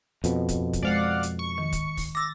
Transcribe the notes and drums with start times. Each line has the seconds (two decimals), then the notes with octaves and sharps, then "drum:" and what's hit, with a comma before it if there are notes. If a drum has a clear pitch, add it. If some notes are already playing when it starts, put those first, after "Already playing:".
0.24 F2 B2, drum: hi-hat
0.49 drum: kick, hi-hat
0.73 drum: kick, hi-hat
0.83 G#3 C5 D5 F5 F#5
1.23 drum: hi-hat
1.39 C#6
1.58 D#3
1.73 drum: kick, hi-hat
1.97 drum: kick, open hi-hat
2.15 D6 E6 A6 A#6